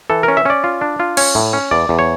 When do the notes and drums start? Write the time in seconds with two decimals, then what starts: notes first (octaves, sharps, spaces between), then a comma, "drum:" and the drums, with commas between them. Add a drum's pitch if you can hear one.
0.10 E3 A4
0.23 C#4 A#4
0.37 E5
0.45 C#4 D5
0.64 F4
0.81 D4
1.00 F4
1.17 C#4 C#5, drum: cymbal
1.35 A2
1.53 C#4
1.71 E2 D5
1.89 E2
1.99 C#5